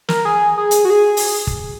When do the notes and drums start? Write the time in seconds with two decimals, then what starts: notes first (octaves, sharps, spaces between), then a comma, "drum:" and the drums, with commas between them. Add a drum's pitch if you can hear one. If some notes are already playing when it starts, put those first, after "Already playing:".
0.09 A#4, drum: snare
0.25 G#4
0.58 G#4
0.71 drum: hi-hat
0.85 F#4
0.90 G#4
1.17 drum: open hi-hat
1.47 drum: kick